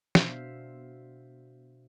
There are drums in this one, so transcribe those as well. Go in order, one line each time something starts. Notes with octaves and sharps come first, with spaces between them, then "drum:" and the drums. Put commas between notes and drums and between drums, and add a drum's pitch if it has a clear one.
B2 D4 C5 E5 F5, drum: snare